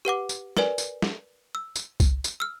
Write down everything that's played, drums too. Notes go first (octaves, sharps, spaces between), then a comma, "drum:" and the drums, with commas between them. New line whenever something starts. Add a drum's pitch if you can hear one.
G4 B4 F#5 D6
drum: tambourine
A#4 B4 D5 G#5, drum: snare
drum: tambourine
drum: snare
E6
drum: tambourine
drum: kick C2, tambourine
drum: tambourine
E6 F6